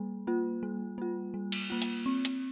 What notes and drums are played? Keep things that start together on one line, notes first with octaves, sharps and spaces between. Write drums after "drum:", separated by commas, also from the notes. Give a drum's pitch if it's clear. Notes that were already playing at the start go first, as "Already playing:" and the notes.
Already playing: G3 A#3
A#3 F4
G3
A#3 F4
G3
drum: cymbal
A#3 F4
drum: hi-hat
C4
drum: hi-hat